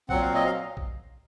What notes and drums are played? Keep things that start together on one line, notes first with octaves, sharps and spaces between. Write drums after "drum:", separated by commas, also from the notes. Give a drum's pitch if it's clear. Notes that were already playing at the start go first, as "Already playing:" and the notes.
A#2 F#3 C4 F#5, drum: kick A#1
F5
D#5
F5
drum: kick A#1